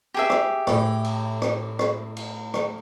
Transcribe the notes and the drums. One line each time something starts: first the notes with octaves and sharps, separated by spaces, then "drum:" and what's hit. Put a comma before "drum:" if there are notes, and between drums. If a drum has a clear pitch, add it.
G4 G#4 E5
drum: rim click
A2, drum: rim click
drum: cymbal
drum: rim click
drum: rim click
drum: cymbal
drum: rim click